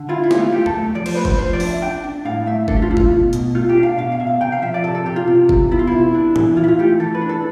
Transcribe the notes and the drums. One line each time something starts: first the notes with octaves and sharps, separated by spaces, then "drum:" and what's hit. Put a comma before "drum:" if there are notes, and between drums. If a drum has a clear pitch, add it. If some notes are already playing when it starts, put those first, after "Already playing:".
Already playing: D3
E4 F4
E4
A3, drum: snare
F4
A3 G4
A4, drum: tom E2
A3
F3 D5
C5, drum: cymbal
A3 B4
C5, drum: kick F#1
F3 C5
D5
D4, drum: open hi-hat
E5
D4 G5
D4
A2 F5
A3 E5
D4 A4, drum: kick F#1
G4
F4
A3 E4
F4, drum: kick F#1
B2
B2, drum: hi-hat
A3 F4
G4
D4
F5
B2 F5
F5
B2 E5
F5
C3 G5
F5
F3 E5
D5
C3 A4
A4
C3 G4
F4
C3
C3, drum: kick F#1
B3 E4
F4
C3 E4
D4
E3, drum: tom A#2
E3 F4
E4
F4
A3 G4
E3 A4
B4
D4
A4